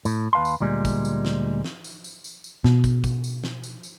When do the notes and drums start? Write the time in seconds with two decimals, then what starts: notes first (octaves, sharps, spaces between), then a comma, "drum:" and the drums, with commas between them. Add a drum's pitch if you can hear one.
0.05 A2, drum: tambourine
0.33 D#2 B4 F5 A5 C6
0.45 drum: tambourine
0.60 D2 A#2 G3 G#3
0.85 drum: kick, tambourine
1.05 drum: tambourine
1.25 drum: snare
1.64 drum: snare
1.84 drum: tambourine
2.04 drum: tambourine
2.24 drum: tambourine
2.44 drum: tambourine
2.64 B2, drum: snare
2.84 drum: kick, tambourine
3.04 drum: kick, tambourine
3.24 drum: tambourine
3.44 drum: snare
3.63 drum: tambourine
3.83 drum: tambourine